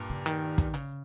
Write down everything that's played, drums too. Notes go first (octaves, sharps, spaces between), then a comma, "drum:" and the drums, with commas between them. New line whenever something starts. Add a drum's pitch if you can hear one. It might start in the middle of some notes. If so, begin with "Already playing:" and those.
Already playing: G2 A#2
C#3
D#3, drum: hi-hat
drum: kick, hi-hat
C#3, drum: hi-hat